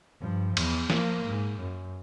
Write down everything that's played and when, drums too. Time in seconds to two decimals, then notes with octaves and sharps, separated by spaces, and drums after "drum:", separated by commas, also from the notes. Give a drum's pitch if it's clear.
0.20 G2 F3
0.57 E2, drum: cymbal
0.90 F3 A#3, drum: snare
1.25 G#2
1.60 F#2